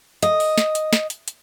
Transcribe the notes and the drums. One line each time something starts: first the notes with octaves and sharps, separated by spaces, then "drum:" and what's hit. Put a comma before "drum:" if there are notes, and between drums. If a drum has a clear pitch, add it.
D#5, drum: hi-hat
drum: open hi-hat
drum: snare
drum: hi-hat
drum: snare
drum: hi-hat
drum: hi-hat